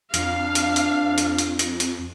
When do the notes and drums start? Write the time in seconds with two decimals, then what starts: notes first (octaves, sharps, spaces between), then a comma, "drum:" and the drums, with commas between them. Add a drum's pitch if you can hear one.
0.14 F2 D4 F5, drum: hi-hat
0.55 drum: hi-hat
0.76 drum: hi-hat
1.18 drum: hi-hat
1.38 drum: hi-hat
1.59 drum: hi-hat
1.80 drum: hi-hat